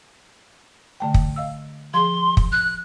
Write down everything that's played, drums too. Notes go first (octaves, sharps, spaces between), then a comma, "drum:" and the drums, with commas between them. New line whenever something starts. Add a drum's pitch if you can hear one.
D3 A3 G5
drum: kick
D#5 F5 E6
F3 G#4 C6
drum: kick
F#6